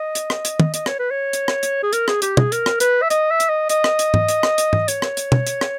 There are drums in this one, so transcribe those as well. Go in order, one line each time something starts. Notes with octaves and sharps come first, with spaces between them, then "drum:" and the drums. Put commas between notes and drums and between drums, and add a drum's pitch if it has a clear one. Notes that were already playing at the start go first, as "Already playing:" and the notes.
Already playing: D#5
drum: hi-hat
drum: rim click
drum: hi-hat
drum: tom
D#5, drum: hi-hat
C#5, drum: rim click
B4
C#5
drum: hi-hat
drum: rim click
drum: hi-hat
G#4
A#4, drum: hi-hat
G#4, drum: rim click
G4, drum: hi-hat
G#4, drum: tom
A#4, drum: hi-hat
drum: rim click
B4, drum: hi-hat
E5
D#5, drum: hi-hat
E5
drum: hi-hat
D#5
D#5, drum: hi-hat
drum: rim click
drum: hi-hat
drum: tom G#2
drum: hi-hat
drum: rim click
drum: hi-hat
drum: tom G#2
C#5, drum: hi-hat
drum: rim click
drum: hi-hat
drum: tom
drum: hi-hat
drum: rim click